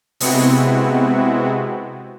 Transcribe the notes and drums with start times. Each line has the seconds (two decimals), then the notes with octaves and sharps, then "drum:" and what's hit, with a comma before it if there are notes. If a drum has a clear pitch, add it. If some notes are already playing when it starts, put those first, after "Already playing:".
0.20 C3 G#3 B3 C4 E4 F#4, drum: open hi-hat